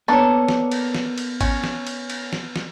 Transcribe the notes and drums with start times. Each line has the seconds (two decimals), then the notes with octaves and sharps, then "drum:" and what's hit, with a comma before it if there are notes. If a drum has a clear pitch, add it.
0.08 A#3 B3 D4 A4 C#5
0.48 drum: snare
0.72 drum: cymbal
0.95 drum: snare
1.18 drum: cymbal
1.41 C#4, drum: kick G#1, cymbal
1.64 drum: snare
1.87 drum: cymbal
2.10 drum: cymbal
2.33 drum: snare
2.56 drum: snare